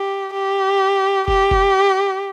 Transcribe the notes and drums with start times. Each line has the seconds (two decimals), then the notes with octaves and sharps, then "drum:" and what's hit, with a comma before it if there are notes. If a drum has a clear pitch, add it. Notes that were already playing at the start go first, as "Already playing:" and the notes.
Already playing: G4
0.34 G4
1.28 G4, drum: kick F1
1.51 drum: kick F1